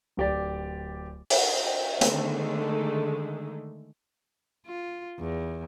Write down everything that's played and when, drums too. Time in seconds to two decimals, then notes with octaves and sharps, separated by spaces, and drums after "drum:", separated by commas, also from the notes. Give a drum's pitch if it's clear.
0.17 D1 G4 D5
1.30 drum: open hi-hat
2.01 D3 D#3 G#3 A3, drum: hi-hat
4.66 F4
5.19 E2